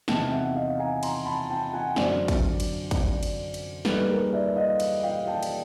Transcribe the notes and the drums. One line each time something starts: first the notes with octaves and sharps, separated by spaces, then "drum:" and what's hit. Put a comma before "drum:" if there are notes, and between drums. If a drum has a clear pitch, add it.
E2 C3 D#3 G5 A5, drum: snare
E5 F#5
D#5 F5
G#5 A#5
A#5 C6, drum: cymbal
A5 B5
G5 A5
F#5 G#5
F#2 D3 F#3 C5 D5, drum: snare
drum: kick, cymbal
drum: cymbal
drum: kick, cymbal
drum: cymbal
drum: cymbal
D#2 D#3 G3 A4 B4, drum: snare
G#4 A#4
D5 E5
D#5 F5
drum: cymbal
F5 G5
G5 A5
drum: cymbal